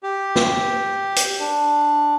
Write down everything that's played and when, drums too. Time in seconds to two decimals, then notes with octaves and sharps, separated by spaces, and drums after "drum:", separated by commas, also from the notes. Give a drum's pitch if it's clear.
0.03 G4
0.36 drum: snare
1.16 drum: hi-hat
1.40 D4